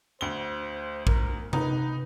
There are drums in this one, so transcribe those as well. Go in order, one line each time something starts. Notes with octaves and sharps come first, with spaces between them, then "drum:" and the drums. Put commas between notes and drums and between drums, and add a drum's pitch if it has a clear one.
D2 C5 G7
A#4, drum: kick
D#4 B4, drum: tom C3